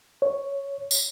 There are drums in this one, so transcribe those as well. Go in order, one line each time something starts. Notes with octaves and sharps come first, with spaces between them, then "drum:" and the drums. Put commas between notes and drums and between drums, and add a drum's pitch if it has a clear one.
C#5
drum: tambourine